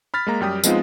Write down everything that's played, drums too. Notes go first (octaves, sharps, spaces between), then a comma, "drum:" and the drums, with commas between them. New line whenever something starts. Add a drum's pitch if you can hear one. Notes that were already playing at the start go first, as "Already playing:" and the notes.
B5 F6 A6 B6
G#3 A#3 A#5
F#2 G3 G4 G5 D#6
F3 G#3 B3 C4 D#4 F4, drum: tambourine